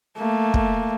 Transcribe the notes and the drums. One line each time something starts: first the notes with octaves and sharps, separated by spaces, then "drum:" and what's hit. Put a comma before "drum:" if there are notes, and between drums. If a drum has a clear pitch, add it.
A3 A#3
drum: kick